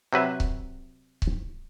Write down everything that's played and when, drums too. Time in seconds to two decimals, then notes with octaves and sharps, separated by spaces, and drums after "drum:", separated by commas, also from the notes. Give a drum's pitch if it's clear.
0.13 C3 F#3 B4 E5
0.40 drum: kick C#1
1.22 drum: kick C#1